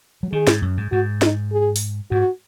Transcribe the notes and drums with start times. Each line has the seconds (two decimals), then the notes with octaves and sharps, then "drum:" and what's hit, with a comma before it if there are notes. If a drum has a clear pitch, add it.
0.23 F#3
0.32 D#3 G#4
0.47 G#2, drum: snare
0.62 F#2
0.77 G#2
0.92 G#2 F#4
1.22 D#4, drum: snare
1.52 G#4
1.76 drum: open hi-hat
2.11 G#2 F#4